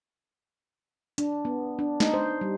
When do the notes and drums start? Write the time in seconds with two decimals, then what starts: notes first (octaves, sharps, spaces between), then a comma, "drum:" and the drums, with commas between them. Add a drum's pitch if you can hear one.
1.18 D4, drum: hi-hat
1.45 B3
1.79 D4
2.00 D#4, drum: snare
2.14 C5
2.41 G3